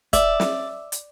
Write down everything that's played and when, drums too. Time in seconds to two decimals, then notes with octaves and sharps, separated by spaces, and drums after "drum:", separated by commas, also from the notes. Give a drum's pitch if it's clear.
0.13 D5 E5, drum: kick, hi-hat
0.40 drum: snare
0.92 drum: hi-hat